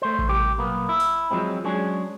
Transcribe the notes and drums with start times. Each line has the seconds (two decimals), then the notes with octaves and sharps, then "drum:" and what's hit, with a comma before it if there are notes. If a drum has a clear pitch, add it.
0.02 A3 C5
0.19 drum: kick A1
0.28 C2 G4
0.58 B1 A#3 B3
0.89 E4
1.00 drum: open hi-hat
1.31 F3 F#3 G#3 C4
1.64 F#3 G#3 C#4 D4 G#4